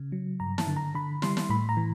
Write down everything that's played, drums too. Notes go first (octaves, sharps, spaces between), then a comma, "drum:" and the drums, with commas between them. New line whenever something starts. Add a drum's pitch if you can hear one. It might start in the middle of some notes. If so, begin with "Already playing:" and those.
Already playing: C#3
F#3
G2 A#5
A5, drum: snare
D3
A#5
D3 B5
G3 C6, drum: snare
drum: snare
A2 B5
A#5
E3